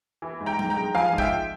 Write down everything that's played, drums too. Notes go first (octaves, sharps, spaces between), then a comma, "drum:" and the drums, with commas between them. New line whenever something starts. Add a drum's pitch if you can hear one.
E3
G#2
G5 A#5
G#2, drum: tom F#3
G5 A#5
G#3
F3 F5 G#5
G#2
E5 G5, drum: kick